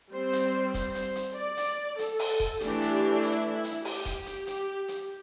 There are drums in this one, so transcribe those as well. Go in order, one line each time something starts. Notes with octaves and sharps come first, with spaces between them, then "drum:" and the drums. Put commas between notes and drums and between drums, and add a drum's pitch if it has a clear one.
G3 C4 C5
drum: hi-hat
C5, drum: kick D#1, hi-hat
drum: hi-hat
drum: hi-hat
D5
drum: hi-hat
A4, drum: hi-hat
drum: open hi-hat
drum: kick D#1
E3 A3 D4 G4, drum: hi-hat
drum: hi-hat
E4, drum: hi-hat
drum: hi-hat
G4, drum: open hi-hat
drum: kick D#1, hi-hat
drum: hi-hat
drum: hi-hat
drum: hi-hat